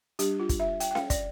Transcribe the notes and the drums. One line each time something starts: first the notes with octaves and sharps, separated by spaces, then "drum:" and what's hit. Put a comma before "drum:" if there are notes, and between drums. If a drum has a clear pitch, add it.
G3 D4 G4, drum: hi-hat
F4
drum: kick, hi-hat
E5
G5, drum: hi-hat
G5
F5, drum: snare C#4
D5, drum: kick, hi-hat